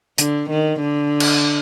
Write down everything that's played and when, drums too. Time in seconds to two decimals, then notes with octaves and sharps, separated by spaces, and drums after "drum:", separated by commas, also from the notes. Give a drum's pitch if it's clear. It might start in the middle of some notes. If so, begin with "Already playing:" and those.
0.18 D3, drum: hi-hat
0.50 D#3
0.80 D3
1.20 drum: cymbal